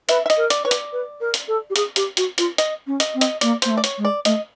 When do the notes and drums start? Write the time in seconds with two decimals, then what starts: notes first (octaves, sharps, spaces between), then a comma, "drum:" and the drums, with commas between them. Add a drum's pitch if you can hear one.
0.09 B4 E5, drum: hi-hat
0.26 E5
0.30 D#5, drum: hi-hat
0.37 A#4
0.50 D5, drum: hi-hat
0.65 B4 C#5
0.71 D5, drum: hi-hat
0.92 B4
1.21 A#4
1.34 drum: hi-hat
1.48 A4
1.70 G4
1.76 G#4, drum: hi-hat
1.96 G4, drum: hi-hat
2.17 F#4, drum: hi-hat
2.38 F4, drum: hi-hat
2.58 D#5, drum: hi-hat
2.87 C#4
3.00 D#5, drum: hi-hat
3.14 C4
3.21 D#5, drum: hi-hat
3.41 A#3 D5, drum: hi-hat
3.62 A#3 C5, drum: hi-hat
3.70 A3
3.77 D5
3.84 C#5, drum: hi-hat
3.98 G#3
4.05 D5
4.25 A3 D#5, drum: hi-hat